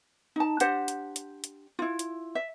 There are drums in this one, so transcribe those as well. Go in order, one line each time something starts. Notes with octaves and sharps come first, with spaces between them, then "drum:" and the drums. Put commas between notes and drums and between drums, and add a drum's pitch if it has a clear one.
D#4 A5
D4 G4 C5 F#5, drum: hi-hat
drum: hi-hat
drum: hi-hat
drum: hi-hat
E4 F4
drum: hi-hat
E5